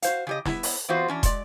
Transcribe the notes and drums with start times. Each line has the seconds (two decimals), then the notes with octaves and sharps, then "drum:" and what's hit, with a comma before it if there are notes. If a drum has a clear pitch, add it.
0.02 F#4 C5 F5, drum: hi-hat
0.27 C#3 G4 D#5
0.46 B3 E4, drum: snare
0.63 drum: open hi-hat
0.89 E3 B3 C4 F4 F#4 C5
1.08 E3 C#4 D4
1.23 G#3 D5, drum: kick, hi-hat